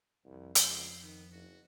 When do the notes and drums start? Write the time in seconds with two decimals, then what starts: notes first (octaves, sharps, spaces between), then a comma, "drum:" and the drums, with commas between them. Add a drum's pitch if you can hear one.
0.25 C2 F2 F3
0.55 C#2 C5, drum: hi-hat
1.03 D#3 B3
1.32 F#1 F#4